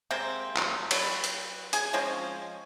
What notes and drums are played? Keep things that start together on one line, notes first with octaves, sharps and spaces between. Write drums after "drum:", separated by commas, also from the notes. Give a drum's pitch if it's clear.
C3 G#3 A#3 C4
drum: clap
F#3 B4, drum: cymbal
drum: hi-hat
G#4 G#5, drum: hi-hat
F3 G#3 C4 C#4